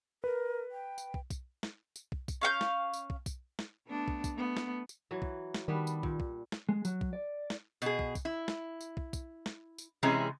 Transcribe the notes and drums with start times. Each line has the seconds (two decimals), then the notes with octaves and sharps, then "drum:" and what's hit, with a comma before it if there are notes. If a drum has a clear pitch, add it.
0.24 A#4 B4
0.71 G5
0.98 drum: tambourine
1.14 drum: kick
1.30 drum: kick, tambourine
1.63 drum: snare
1.96 drum: tambourine
2.12 drum: kick
2.28 drum: kick, tambourine
2.41 C#4 F5 F#5 G6
2.61 drum: snare
2.94 drum: tambourine
3.10 drum: kick
3.26 drum: kick, tambourine
3.59 drum: snare
3.86 A3 B3 D4
4.08 drum: kick
4.24 drum: kick, tambourine
4.34 A3 B3
4.57 drum: snare
4.89 drum: tambourine
5.11 E3 F#3
5.22 drum: kick
5.54 drum: snare
5.68 D#3 G3 B3 D4
5.87 drum: tambourine
6.03 A#2, drum: kick
6.20 drum: kick
6.52 drum: snare
6.69 G#3
6.85 F#3, drum: tambourine
7.01 drum: kick
7.13 D5
7.50 drum: snare
7.82 B2 G#4, drum: tambourine
7.99 drum: kick
8.15 drum: kick, tambourine
8.25 E4
8.48 drum: snare
8.81 drum: tambourine
8.97 drum: kick
9.13 drum: kick, tambourine
9.46 drum: snare
9.78 drum: tambourine
10.03 C3 E3 G#3 C#4 G#4 A#5